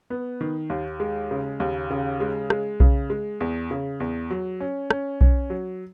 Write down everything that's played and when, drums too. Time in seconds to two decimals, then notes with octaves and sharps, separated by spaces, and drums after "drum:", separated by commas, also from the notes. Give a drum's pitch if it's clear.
0.10 B3
0.41 D#3
0.70 D#2
1.00 G#3
1.31 C#3
1.60 D#2
1.90 C#3
2.20 G#3
2.50 G#3, drum: rim click
2.80 C#3, drum: kick B1
3.10 G#3
3.40 E2
3.71 C#3
4.00 E2
4.30 F#3
4.60 C#4
4.90 C#4, drum: rim click
5.21 C#4, drum: kick B1
5.50 F#3